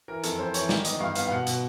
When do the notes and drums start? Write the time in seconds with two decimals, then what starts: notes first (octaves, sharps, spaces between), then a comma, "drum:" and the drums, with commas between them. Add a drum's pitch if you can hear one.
0.08 E3 A#4
0.24 F2 A4, drum: hi-hat
0.39 F2 C5
0.54 E3 C#5, drum: hi-hat
0.69 D#3 D5, drum: snare
0.85 B3 D#5, drum: hi-hat
1.00 G2 F5
1.15 B3 F5, drum: hi-hat
1.26 F5
1.31 B2 F#5
1.47 B2, drum: hi-hat